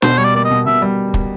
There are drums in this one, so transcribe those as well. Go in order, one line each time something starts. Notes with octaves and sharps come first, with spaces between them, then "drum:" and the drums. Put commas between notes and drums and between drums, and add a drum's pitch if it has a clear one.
B2 C5, drum: snare
G3 C#5
D5
A#3 D5
D#5
B2
B2 E5
G3
drum: kick